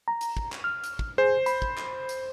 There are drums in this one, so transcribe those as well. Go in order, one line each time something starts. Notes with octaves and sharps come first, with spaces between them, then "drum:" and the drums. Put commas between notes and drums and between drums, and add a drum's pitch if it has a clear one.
A#5
drum: hi-hat
drum: kick
drum: clap
F6
drum: hi-hat
drum: kick
G#4 C5
B5, drum: hi-hat
drum: kick
drum: clap
drum: hi-hat